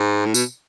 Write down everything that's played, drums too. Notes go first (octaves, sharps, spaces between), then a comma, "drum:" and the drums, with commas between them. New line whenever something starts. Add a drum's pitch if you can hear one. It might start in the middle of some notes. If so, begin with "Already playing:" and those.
Already playing: G#2
A2
B2, drum: tambourine